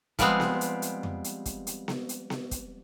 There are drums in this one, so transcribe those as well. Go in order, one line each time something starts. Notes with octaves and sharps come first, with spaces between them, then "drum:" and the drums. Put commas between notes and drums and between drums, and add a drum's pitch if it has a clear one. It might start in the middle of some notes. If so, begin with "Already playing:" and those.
F3 G3 G#3 B3 C4, drum: kick, hi-hat
drum: snare B3
drum: hi-hat
drum: hi-hat
drum: tom F2
drum: hi-hat
drum: kick, hi-hat
drum: hi-hat
drum: snare B3
drum: hi-hat
drum: snare B3
drum: kick, hi-hat